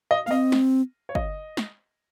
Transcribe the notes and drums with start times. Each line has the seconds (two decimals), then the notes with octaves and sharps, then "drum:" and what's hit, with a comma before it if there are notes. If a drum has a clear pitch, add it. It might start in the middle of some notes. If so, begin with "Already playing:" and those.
0.11 D#5
0.26 A#3 F5
0.31 C4 D#5
0.52 drum: snare
1.09 C#5
1.15 D#5, drum: kick
1.57 drum: snare